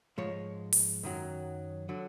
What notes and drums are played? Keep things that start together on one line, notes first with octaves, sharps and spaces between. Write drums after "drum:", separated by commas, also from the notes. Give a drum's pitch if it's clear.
G#2 F3 G#3 C#5
drum: open hi-hat
F#2 D#3 F#3
D3 F#3